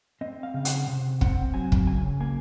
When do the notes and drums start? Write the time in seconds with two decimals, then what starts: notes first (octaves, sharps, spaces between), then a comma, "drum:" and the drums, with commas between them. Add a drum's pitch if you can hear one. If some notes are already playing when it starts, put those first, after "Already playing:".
0.21 C4 D#5
0.43 F5
0.54 C#3
0.65 F#5, drum: hi-hat
0.87 C3
1.21 C4 F#5, drum: kick
1.54 F#3 G#5
1.72 drum: kick
1.87 C#3 G#5
2.20 A#3 G#5